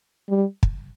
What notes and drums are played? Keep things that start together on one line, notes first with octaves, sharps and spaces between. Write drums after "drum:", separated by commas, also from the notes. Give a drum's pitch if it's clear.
G3
drum: kick